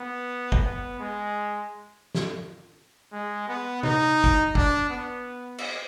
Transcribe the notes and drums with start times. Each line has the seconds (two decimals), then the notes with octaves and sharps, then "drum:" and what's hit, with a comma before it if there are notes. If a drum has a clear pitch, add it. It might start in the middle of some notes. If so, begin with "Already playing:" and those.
Already playing: B3
0.52 drum: kick
0.65 B3
1.00 G#3
2.15 drum: snare
3.12 G#3
3.48 B3
3.83 D#4, drum: tom C3
4.24 drum: kick
4.55 D4, drum: kick
4.90 B3
5.58 drum: cymbal